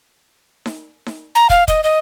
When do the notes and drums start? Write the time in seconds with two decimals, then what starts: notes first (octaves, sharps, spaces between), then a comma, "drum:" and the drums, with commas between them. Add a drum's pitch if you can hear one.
0.66 drum: snare D#4
1.06 drum: snare D#4
1.35 A#5
1.50 F5, drum: kick
1.68 D#5, drum: kick, hi-hat
1.84 D#5